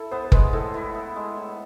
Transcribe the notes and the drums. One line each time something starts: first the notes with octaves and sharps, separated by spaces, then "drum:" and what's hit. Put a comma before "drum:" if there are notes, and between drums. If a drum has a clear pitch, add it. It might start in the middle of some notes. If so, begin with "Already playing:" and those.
Already playing: E4 A4
B3 C5
C5
G#3 B4, drum: kick
A2 A4
E4
B3
G#3
A2